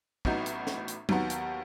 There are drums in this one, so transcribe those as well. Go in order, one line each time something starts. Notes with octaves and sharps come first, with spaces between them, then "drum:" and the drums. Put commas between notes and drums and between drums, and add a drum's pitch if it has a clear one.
A1 A2 F#3 B3 D#4, drum: kick
drum: hi-hat
drum: snare
drum: hi-hat
D#2 D#3 F#3 B3, drum: tom
drum: hi-hat